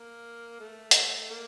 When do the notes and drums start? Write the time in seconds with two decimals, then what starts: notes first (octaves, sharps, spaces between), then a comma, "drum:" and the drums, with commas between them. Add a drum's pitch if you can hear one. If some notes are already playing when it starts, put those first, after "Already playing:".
Already playing: A#3
0.60 A3
0.91 drum: hi-hat
1.30 A#3